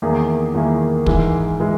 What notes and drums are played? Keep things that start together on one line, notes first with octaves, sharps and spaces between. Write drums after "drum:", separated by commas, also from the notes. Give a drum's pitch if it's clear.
E2 D#3 A#3 E4 G#4
E2 D#3 A#3 E4 G#4
G#2 E3 G#3, drum: kick
E3 G#3